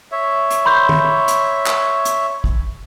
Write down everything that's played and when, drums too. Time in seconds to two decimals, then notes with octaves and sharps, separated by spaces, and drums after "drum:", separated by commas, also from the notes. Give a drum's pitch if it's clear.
0.12 C#5 E5
0.50 drum: hi-hat
0.65 B5 C6 G6
0.89 drum: tom
1.28 drum: hi-hat
1.67 drum: clap
2.05 drum: hi-hat
2.44 drum: kick